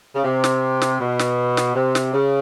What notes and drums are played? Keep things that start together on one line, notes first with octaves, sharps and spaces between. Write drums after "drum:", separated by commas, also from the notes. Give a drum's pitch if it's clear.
C#3
C3
drum: snare
drum: snare
B2
drum: snare
drum: snare
C3
drum: snare
C#3